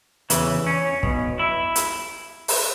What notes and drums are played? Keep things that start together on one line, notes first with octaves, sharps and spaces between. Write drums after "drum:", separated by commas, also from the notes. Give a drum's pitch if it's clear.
E2 C#3 E3, drum: hi-hat
C#4
B1 B2, drum: kick
E4
drum: hi-hat
drum: open hi-hat